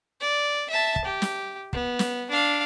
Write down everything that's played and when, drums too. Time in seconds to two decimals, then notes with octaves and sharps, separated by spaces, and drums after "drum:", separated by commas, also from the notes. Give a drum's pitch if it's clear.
0.21 D5
0.70 E5 A5
0.96 drum: kick
1.05 G4
1.22 drum: snare
1.73 B3, drum: kick
1.99 drum: snare
2.31 D4 F5